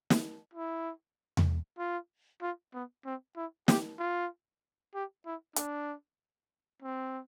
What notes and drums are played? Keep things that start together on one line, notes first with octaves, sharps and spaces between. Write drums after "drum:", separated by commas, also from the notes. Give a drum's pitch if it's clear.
drum: snare
E4
drum: tom E2
F4
F4
B3
C4
E4
G4, drum: snare
F4
G4
E4
D4, drum: hi-hat
C4